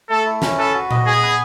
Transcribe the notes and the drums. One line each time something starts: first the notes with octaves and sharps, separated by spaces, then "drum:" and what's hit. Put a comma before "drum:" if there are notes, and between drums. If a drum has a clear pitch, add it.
A3 A4
E4
C#4, drum: snare
A4 B4
F#4
D#5, drum: tom A#2
B3 G#4
B4